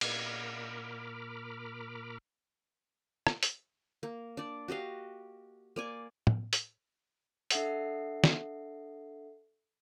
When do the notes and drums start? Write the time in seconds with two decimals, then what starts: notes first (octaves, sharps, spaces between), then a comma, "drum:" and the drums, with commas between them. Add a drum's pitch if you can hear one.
0.01 A#2 A#4 B5 D6 F6, drum: cymbal
3.27 drum: rim click
3.43 drum: hi-hat
4.03 A#3
4.37 D4 D5
4.68 F#4 G4 D#5 F5
5.76 A#3 D5 G#5
6.27 drum: tom
6.53 drum: hi-hat
7.51 D4 A4 E5 F#5 C7, drum: hi-hat
8.24 drum: snare